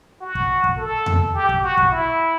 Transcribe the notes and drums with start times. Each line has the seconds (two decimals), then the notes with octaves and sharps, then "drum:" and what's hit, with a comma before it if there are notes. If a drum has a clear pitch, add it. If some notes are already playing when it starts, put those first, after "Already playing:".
0.21 F#4
0.35 drum: kick
0.64 drum: kick
0.78 A4
1.06 drum: tom E2
1.35 G4
1.49 drum: kick
1.63 F#4
1.77 drum: kick
1.92 E4